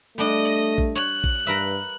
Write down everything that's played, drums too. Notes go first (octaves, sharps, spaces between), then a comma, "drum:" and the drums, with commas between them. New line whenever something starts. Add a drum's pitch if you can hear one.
G3 A3 D4 D#5
drum: kick A#1
C#5 F#6
drum: kick A#1
G2 A#4 B4 E5